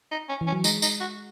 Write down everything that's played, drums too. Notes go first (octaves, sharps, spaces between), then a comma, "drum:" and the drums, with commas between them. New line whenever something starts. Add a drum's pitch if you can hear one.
D#4
C#4
E3
C#4
F#3
G#3 D#4, drum: tambourine
D#4, drum: tambourine
F#4